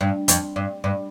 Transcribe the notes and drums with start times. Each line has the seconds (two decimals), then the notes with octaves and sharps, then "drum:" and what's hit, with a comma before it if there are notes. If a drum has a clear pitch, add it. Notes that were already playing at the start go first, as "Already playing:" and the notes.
0.01 G2
0.28 F2, drum: hi-hat
0.56 G2
0.84 G2